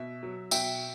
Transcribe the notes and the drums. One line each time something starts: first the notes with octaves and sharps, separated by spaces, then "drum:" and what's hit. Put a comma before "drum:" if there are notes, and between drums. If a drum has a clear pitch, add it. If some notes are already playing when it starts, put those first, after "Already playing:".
Already playing: B2 E5
F#3
B2 E5 G5, drum: tambourine